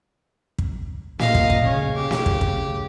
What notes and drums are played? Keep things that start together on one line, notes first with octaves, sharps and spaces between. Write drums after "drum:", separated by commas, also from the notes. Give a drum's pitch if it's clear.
drum: kick
A#2 D#5 F5, drum: snare
drum: kick
drum: kick
C#3 C#4
G4
drum: snare
drum: kick
drum: kick